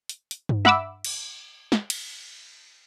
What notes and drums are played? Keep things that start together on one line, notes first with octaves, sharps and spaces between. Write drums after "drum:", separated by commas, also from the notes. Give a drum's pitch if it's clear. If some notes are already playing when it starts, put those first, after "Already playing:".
drum: hi-hat
drum: hi-hat
drum: tom G2
E5 F#5 B5 D6 E6, drum: snare
drum: cymbal
drum: snare
drum: cymbal